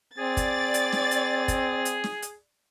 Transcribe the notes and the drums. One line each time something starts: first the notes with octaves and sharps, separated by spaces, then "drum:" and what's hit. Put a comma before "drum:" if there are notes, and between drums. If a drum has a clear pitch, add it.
C4 G#4 D5 A6
drum: kick, hi-hat
drum: hi-hat
drum: snare
drum: hi-hat
drum: kick, hi-hat
drum: hi-hat
drum: snare
drum: hi-hat